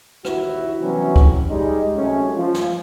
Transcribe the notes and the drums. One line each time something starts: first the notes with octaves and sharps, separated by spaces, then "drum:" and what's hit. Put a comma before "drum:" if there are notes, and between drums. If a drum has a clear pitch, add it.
A#1 D#2 E4 F#4, drum: rim click
C3 E3 F#3 G3 B3 C#4
drum: kick C#2
G3 G#3 D#4
C3 F#3 G#3 A3 C#4
F3
drum: snare